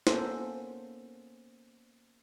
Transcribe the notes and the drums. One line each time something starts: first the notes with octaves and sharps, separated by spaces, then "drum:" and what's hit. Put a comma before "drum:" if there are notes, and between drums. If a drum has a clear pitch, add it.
A#3 B3 C#4 A4 C5, drum: snare